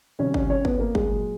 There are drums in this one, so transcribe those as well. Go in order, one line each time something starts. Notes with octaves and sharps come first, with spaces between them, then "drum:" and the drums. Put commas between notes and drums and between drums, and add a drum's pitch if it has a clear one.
C3 D#3 G3 C#4 C#5
C#4 C#5, drum: kick G1
C#4 C#5
B3 B4, drum: kick G1
A#3 A#4
G#3 G#4, drum: kick G1
A#2 F#3